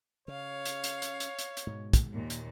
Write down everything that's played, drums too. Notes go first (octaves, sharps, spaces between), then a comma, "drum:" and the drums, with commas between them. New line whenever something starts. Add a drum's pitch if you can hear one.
C#3 C#5 F5
drum: hi-hat
drum: hi-hat
drum: hi-hat
drum: hi-hat
drum: hi-hat
drum: hi-hat
G#2 B2 G#3
drum: kick, hi-hat
D#2 A#2
drum: hi-hat